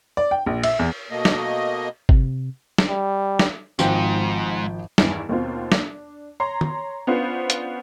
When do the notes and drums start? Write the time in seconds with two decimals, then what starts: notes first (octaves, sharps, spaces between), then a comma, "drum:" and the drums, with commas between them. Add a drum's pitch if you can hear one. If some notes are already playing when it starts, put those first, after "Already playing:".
0.17 D5
0.31 G5
0.46 A#1
0.63 E5, drum: cymbal
0.79 E2
1.10 B2 A3 A#3 D#5
1.25 drum: snare
2.09 C3, drum: kick
2.78 drum: snare
2.88 G3
3.39 drum: snare
3.79 G#1 G#2 F3 G5, drum: tambourine
4.98 E2 G2 D#3 E3 E4, drum: snare
5.29 D#2 B2 A#3 C4 F4
5.72 D4, drum: snare
6.40 C#5 A#5 C6
6.61 drum: tom
7.07 B3 C#4 D4 F4 B4 C5
7.50 drum: hi-hat